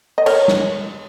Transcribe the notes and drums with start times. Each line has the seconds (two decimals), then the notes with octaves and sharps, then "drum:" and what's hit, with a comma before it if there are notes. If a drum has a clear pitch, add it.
0.18 D#5
0.26 A#4 C#5, drum: cymbal
0.48 drum: snare